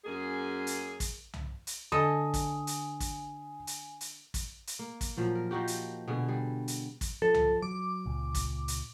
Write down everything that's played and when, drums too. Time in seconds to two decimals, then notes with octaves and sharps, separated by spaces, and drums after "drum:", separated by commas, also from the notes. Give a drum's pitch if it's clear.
0.05 F#2 A#3 G#4
0.67 drum: hi-hat
1.00 drum: kick, hi-hat
1.33 drum: tom C2
1.67 drum: hi-hat
1.92 D3 A4 D#5 G#5 D#6
2.34 drum: kick, hi-hat
2.67 drum: hi-hat
3.00 drum: kick, hi-hat
3.67 drum: hi-hat
4.01 drum: hi-hat
4.34 drum: kick, hi-hat
4.67 drum: hi-hat
4.79 A#3
5.01 drum: kick, hi-hat
5.17 A#2 F3 F#3
5.35 A#4
5.51 F3 D#4 F#4 G4
5.67 drum: hi-hat
6.08 B2 D3 B3 G#4
6.28 G3 G#4
6.68 drum: hi-hat
7.01 drum: kick, hi-hat
7.22 F3 A4
7.34 drum: tom C2
7.62 F#3 D6
8.06 C#2 A#2
8.35 drum: kick, hi-hat
8.68 drum: hi-hat